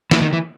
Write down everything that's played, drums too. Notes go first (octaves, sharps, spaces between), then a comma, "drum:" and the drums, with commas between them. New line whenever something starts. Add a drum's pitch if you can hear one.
E3, drum: snare
D#3
E3